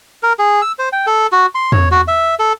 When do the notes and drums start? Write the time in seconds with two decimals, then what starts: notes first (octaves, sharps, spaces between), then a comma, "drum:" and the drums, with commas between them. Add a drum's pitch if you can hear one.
0.23 A#4
0.39 G#4
0.62 E6
0.79 C5
0.92 G5
1.07 A4
1.32 F#4
1.55 C6
1.72 C#5, drum: tom
1.91 F#4
2.08 E5
2.39 A4